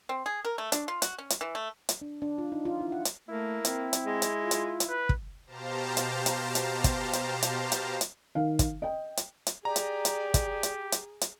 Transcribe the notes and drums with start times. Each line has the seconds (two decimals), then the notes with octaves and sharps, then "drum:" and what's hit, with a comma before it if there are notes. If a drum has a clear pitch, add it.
0.09 C4
0.26 G#4
0.45 A#4
0.58 A3
0.72 D4, drum: hi-hat
0.88 F4
1.02 F#4, drum: hi-hat
1.18 C#4
1.30 drum: hi-hat
1.41 E3
1.55 A3
1.89 drum: hi-hat
2.02 D4
2.22 D4
2.38 F4
2.52 D#4
2.65 F4
2.81 E4
2.92 F#5
3.05 drum: hi-hat
3.29 A3 A#3 E4
3.65 C4, drum: hi-hat
3.93 drum: hi-hat
4.06 G#3
4.22 drum: hi-hat
4.42 F4
4.51 drum: hi-hat
4.80 drum: hi-hat
4.89 B4
5.09 drum: kick
5.46 B2 G4 C5 F5 A5 A#5
5.97 drum: hi-hat
6.26 drum: hi-hat
6.55 drum: hi-hat
6.84 drum: kick, hi-hat
7.13 drum: hi-hat
7.42 drum: hi-hat
7.72 drum: hi-hat
8.01 drum: hi-hat
8.35 D#3 F5
8.59 drum: kick, hi-hat
8.82 D#5 G5
9.17 drum: hi-hat
9.47 drum: hi-hat
9.65 G4 G#4 D5 A#5
9.76 drum: hi-hat
10.05 drum: hi-hat
10.34 drum: kick, hi-hat
10.63 drum: hi-hat
10.92 drum: hi-hat
11.21 drum: hi-hat